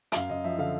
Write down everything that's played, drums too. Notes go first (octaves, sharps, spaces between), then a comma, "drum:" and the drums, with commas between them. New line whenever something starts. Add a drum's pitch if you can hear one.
E5, drum: hi-hat
F#2 F5
F#2 D#5
F3 E5
D3 F5